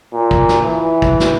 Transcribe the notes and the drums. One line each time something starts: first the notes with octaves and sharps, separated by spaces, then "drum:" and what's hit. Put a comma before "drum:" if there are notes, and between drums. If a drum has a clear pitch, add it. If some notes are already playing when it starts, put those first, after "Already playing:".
A#2
drum: kick
drum: snare
E3
drum: kick
drum: snare